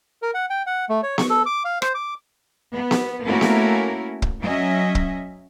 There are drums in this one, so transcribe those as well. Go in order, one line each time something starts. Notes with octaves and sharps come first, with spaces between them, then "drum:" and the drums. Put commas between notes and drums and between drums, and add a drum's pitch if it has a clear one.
A#4
F#5
G5
F#5
A3
C#5
C#6, drum: snare B3
A4
D6
F5
C5, drum: rim click
D6
B3
drum: snare B3
A3 A#3 C#4 E4 F#4 A#4
drum: snare B3
drum: kick
F#3 C#4 D#5 E5
drum: kick